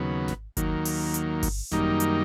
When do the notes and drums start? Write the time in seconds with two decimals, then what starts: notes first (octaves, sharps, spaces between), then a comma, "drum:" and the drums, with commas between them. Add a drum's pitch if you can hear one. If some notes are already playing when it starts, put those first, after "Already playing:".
Already playing: D#2 C#3 F#3 B3
0.28 drum: snare G#1
0.57 D#2 D#3 F#3 A#3, drum: kick G1, hi-hat
0.85 drum: open hi-hat
1.14 drum: hi-hat
1.43 drum: kick G1, open hi-hat
1.72 F#2 D#3 G3 A#3 D#4, drum: snare G#1
2.00 drum: hi-hat